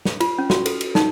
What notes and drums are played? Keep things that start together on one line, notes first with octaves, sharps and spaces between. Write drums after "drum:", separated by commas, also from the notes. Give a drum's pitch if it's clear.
drum: snare
F4, drum: cymbal
C#4
F#4, drum: snare
A4, drum: cymbal
drum: cymbal
D#4, drum: snare